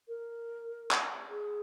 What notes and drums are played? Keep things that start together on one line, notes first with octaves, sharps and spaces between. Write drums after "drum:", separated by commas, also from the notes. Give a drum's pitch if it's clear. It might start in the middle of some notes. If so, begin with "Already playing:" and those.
A#4
drum: clap
G#4